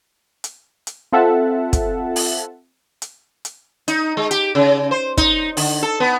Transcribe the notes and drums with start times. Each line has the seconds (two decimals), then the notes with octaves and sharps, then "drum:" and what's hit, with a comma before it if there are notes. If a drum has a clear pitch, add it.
0.44 drum: hi-hat
0.87 drum: hi-hat
1.12 C4 F4 A4 E5 F#5 A5
1.73 drum: kick, hi-hat
2.16 drum: open hi-hat
3.02 drum: hi-hat
3.45 drum: hi-hat
3.88 D#4, drum: hi-hat
4.17 G#3
4.31 G4, drum: hi-hat
4.55 C#3
4.91 C5
5.17 D#4, drum: kick, hi-hat
5.57 D3, drum: open hi-hat
5.83 A4
6.00 B3